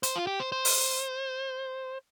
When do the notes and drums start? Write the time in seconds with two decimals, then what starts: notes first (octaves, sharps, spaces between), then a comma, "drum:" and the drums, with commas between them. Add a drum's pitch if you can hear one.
0.03 C5, drum: hi-hat
0.15 F4
0.27 G4
0.40 C5
0.52 C5
0.65 drum: open hi-hat